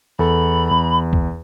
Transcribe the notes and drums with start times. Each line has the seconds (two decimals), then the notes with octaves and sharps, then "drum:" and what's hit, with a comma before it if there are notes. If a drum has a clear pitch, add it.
0.19 E2 A4 B5
0.71 E2
1.13 drum: kick